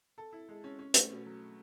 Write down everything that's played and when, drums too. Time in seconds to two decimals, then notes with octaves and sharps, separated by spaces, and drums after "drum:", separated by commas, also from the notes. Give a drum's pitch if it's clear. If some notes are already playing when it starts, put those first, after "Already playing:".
0.18 A4
0.32 E4
0.49 G#3
0.64 C#4
0.79 C#4
0.94 A3, drum: hi-hat
1.10 B2
1.26 F#3